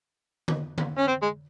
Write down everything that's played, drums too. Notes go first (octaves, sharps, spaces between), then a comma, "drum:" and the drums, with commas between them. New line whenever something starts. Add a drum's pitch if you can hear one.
drum: tom D3
drum: tom D3
C#4
C4
G#3